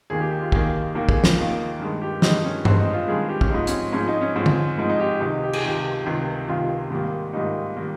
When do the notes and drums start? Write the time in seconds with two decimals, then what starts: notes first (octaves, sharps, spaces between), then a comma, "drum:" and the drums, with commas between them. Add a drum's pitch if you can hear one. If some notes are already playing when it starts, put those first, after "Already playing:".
0.10 D#2 D#3 A#3 G#4
0.20 G4
0.31 G4
0.41 F4
0.52 D#2 D#3 A#3 G#4, drum: kick
0.95 D#2 D#3 A#3 A#4
1.09 G#4, drum: kick
1.24 F4, drum: snare
1.38 D#2 D#3 A#3
1.80 G2 D#3 G#3
2.01 G4
2.22 G2 D#3 G#3 D#4, drum: snare
2.45 C#4
2.65 G2 D#3 G#3 C4, drum: tom G2
2.80 D#4
2.93 F4
3.08 G2 D#3 G#3 G#4
3.29 G4
3.41 C#4, drum: kick
3.50 G#2 F3 G#3 D#4
3.67 C#4, drum: hi-hat
3.71 C4
3.92 G#2 F3 G#3 C#4
4.08 D#4
4.21 C#4
4.36 G#2 F3 G#3 C4
4.46 drum: tom D3
4.78 G#2 F3 G#3 D#4
4.89 D#4
5.00 G4
5.20 C#2 C3 D#3 D#4
5.31 D#4
5.43 G4
5.53 G#4, drum: cymbal
5.63 C#2 C3 D#3 G4
6.06 C#2 C3 D#3
6.48 C#2 C3 D#3 F4
6.90 G#2 D#3 G3 A#3
7.33 G#2 D#3 G3 A#3 D#4
7.77 D#3 G3 A#3